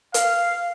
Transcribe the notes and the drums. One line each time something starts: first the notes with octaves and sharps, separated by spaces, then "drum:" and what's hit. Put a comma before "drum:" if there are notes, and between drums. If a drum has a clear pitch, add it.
F5, drum: hi-hat